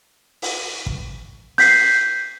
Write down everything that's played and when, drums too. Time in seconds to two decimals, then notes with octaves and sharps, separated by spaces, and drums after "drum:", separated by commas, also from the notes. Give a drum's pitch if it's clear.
0.42 drum: open hi-hat
0.86 drum: kick
1.58 G6 B6 C7, drum: open hi-hat